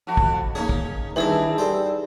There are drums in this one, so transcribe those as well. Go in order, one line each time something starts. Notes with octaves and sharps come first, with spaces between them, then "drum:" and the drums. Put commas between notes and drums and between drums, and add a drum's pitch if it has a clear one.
F2 F#4
drum: kick
A#3 C#4 D#4 G#4
drum: kick
G2 D#3 E3 C4 D#4 E4 G#4 A5
G3 A4 C5